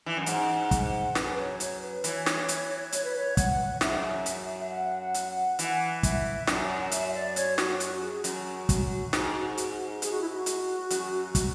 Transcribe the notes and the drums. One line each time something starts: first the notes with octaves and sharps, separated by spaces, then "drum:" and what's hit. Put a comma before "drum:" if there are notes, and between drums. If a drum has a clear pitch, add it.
E3
F#2
G#2 F#5, drum: hi-hat
drum: kick, hi-hat
F#2 B4, drum: snare
C#5
C#5, drum: hi-hat
B4
E3 C#5, drum: hi-hat
drum: snare
drum: hi-hat
C#5, drum: hi-hat
B4
C#5
F#5, drum: kick, hi-hat
F#2 E5, drum: snare
G#2
F#2
drum: hi-hat
E5
F#5
F#5
drum: hi-hat
F#5
E3 F#5, drum: hi-hat
E5, drum: kick, hi-hat
F#2 D5, drum: snare
F#5
D5
E5, drum: hi-hat
E5
D5
C#5, drum: hi-hat
F#4, drum: snare
F#4, drum: hi-hat
G#4
F#2 F#4, drum: hi-hat
drum: kick, hi-hat
G#2, drum: snare
drum: hi-hat
G#4, drum: hi-hat
F#4
E4
F#4
drum: hi-hat
F#2, drum: hi-hat
drum: kick, hi-hat